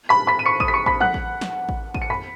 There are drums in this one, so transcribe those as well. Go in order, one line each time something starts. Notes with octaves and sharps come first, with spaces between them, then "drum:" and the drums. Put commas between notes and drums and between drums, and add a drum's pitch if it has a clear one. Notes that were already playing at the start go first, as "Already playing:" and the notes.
B5 B6
B5 B6
D#7
C#6 C#7
D#6 D#7, drum: kick A1
B6
C#6 C#7
B5 B6, drum: kick A1
F#5 F#6, drum: tom F3
drum: kick A1
drum: snare
drum: kick A1
D#7, drum: kick A1
C#7
B5 B6, drum: tom F2